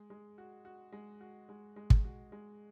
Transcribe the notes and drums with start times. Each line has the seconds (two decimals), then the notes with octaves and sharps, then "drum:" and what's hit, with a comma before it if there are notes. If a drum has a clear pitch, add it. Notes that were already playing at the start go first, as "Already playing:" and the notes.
Already playing: G#3
0.10 G#3
0.38 F#4
0.65 F#4
0.92 G#3
1.21 F#4
1.49 G#3
1.76 G#3
1.90 drum: kick
2.05 F#4
2.32 G#3